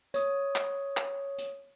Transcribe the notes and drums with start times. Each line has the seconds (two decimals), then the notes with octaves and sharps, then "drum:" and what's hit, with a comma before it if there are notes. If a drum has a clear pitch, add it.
0.14 C#5 D#6, drum: hi-hat
0.55 drum: clap
0.97 drum: clap
1.38 drum: hi-hat